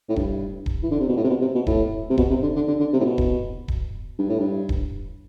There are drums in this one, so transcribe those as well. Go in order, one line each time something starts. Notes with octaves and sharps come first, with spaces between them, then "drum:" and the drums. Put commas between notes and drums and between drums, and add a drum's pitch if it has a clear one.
A2
G2, drum: kick D#1
drum: kick D#1
E3
D3
C3
B2
A2
C3
B2
C3
B2
A2, drum: kick D#1
C3
B2, drum: kick D#1
C3
D3
D3
D3
D3
C3
A2
B2
drum: kick D#1
drum: kick D#1
G2
A2
G2
drum: kick D#1